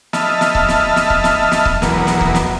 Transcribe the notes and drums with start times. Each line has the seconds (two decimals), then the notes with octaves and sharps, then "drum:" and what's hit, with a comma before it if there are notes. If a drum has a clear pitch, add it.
0.13 D#5 E5 A5 B5 F6, drum: snare
0.41 drum: snare
0.55 drum: kick C#1
0.69 drum: snare
0.96 drum: snare
1.10 drum: kick C#1
1.24 drum: snare
1.52 drum: snare
1.65 drum: kick C#1
1.82 E2 B2 F#3 A#3 B3, drum: snare
2.07 drum: snare
2.21 drum: kick C#1
2.35 drum: snare